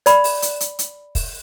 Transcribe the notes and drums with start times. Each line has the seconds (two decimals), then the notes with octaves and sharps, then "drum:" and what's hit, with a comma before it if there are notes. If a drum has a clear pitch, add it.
0.06 D5 B5, drum: hi-hat
0.24 drum: open hi-hat
0.42 drum: hi-hat
0.60 drum: hi-hat
0.79 drum: hi-hat
1.15 drum: kick, open hi-hat